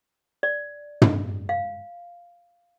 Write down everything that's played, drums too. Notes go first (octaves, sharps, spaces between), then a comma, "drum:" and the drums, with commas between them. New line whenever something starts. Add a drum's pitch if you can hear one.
D5
drum: tom
F5